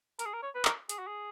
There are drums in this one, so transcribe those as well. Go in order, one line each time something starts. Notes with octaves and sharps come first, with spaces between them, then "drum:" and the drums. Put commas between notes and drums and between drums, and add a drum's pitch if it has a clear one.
A#4, drum: hi-hat
G#4
A#4
C#5
B4
A#4, drum: clap
G#4, drum: hi-hat
F#4
G#4